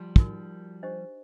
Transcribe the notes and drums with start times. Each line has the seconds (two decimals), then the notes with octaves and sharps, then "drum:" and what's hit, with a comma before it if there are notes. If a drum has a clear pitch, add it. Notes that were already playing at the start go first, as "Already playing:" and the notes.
Already playing: F3 G3
0.16 D#4 F#4 A#4, drum: kick
0.83 D4 G4 C5 D#5